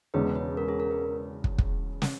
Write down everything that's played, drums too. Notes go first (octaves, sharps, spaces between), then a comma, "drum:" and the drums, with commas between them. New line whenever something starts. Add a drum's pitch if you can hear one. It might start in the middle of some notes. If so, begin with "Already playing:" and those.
E1 E2 C#3 G#3 C#4 B4
B4
A#4
G#4
A#4
B4
drum: kick
drum: kick
drum: snare